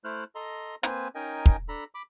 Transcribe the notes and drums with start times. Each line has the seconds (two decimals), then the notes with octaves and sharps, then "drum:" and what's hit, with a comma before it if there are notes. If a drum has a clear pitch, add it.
0.04 A3 E4 C5 F6 F#6
0.35 A4 D#5 A#5 C6
0.83 A#3 C4 B4 C5 G#5, drum: hi-hat
1.15 C#4 D#4 A#4 D#5 G5 G#5
1.46 drum: kick
1.69 D4 A4 A#5 B5
1.95 B5 D6